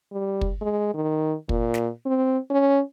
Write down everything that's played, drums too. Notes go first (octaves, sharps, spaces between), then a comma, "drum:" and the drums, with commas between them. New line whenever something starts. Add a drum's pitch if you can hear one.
G3
drum: kick
G#3
D#3
A#2, drum: kick
drum: snare
C4
C#4